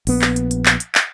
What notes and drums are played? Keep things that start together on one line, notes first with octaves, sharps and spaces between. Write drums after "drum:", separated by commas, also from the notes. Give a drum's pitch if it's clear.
A#1 B3, drum: open hi-hat
drum: clap
drum: hi-hat
drum: hi-hat
drum: clap
drum: hi-hat
drum: clap